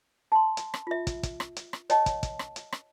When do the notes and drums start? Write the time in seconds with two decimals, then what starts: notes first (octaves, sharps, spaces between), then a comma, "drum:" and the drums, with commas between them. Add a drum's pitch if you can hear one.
0.32 A5 C6
0.57 drum: hi-hat
0.74 drum: rim click
0.87 F4 E5
1.07 drum: kick, hi-hat
1.23 drum: kick, hi-hat
1.40 drum: rim click
1.56 drum: hi-hat
1.73 drum: rim click
1.90 C#5 D#5 G5 A5, drum: hi-hat
2.06 drum: kick, hi-hat
2.23 drum: kick, hi-hat
2.39 drum: rim click
2.56 drum: hi-hat
2.72 drum: rim click